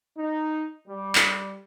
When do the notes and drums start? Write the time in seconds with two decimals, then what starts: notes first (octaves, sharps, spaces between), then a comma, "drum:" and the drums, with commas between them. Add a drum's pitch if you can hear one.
0.18 D#4
0.88 G3
1.15 drum: clap